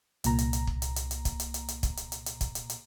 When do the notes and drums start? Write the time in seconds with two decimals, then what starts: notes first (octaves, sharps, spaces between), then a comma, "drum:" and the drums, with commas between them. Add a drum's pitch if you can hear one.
0.24 C2 A#2 A#5, drum: hi-hat
0.38 drum: hi-hat
0.53 drum: hi-hat
0.67 drum: kick
0.82 drum: hi-hat
0.96 drum: hi-hat
1.11 drum: hi-hat
1.25 drum: kick, hi-hat
1.40 drum: hi-hat
1.54 drum: hi-hat
1.68 drum: hi-hat
1.83 drum: kick, hi-hat
1.97 drum: hi-hat
2.12 drum: hi-hat
2.26 drum: hi-hat
2.41 drum: kick, hi-hat
2.55 drum: hi-hat
2.70 drum: hi-hat